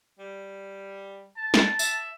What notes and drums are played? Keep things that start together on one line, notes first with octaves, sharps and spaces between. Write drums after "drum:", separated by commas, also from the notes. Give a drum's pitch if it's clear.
G3
A5
drum: snare
E5, drum: tambourine